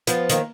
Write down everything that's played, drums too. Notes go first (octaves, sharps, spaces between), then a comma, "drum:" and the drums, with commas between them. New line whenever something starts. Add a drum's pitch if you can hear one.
F3 B3, drum: hi-hat
D#3 A#3, drum: hi-hat